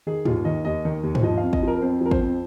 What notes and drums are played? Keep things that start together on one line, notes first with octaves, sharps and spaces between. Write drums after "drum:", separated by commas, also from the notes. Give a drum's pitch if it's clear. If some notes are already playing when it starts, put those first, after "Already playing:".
D#3 G#4
D#2 F4, drum: tom
D#3 D#5
D#2 D#5
D#3
D#2
C5, drum: tom
F3 D#5
F5
F2
D#5, drum: kick
F3 A#4
A#4
F2 C5
F3 A#4
C5, drum: kick
F2